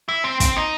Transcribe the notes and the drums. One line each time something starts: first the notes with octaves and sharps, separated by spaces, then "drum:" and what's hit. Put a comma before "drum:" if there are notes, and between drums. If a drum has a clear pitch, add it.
E4
C4
C4, drum: kick, hi-hat
D#4